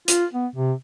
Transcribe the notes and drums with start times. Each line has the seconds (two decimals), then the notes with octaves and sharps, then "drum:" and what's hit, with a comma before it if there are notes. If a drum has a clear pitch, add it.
0.08 F4, drum: hi-hat
0.34 B3
0.56 C3